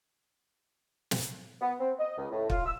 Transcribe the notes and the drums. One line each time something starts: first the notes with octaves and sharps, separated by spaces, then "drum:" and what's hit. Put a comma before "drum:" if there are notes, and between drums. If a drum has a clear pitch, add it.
drum: snare
B3
C4
D#5
C#2
A2
F4, drum: kick
E6